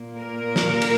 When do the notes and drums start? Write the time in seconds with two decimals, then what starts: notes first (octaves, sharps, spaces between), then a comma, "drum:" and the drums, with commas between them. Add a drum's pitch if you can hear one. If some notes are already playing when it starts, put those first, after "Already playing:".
Already playing: A#2 A#3
0.18 A#4
0.56 drum: snare
0.82 drum: cymbal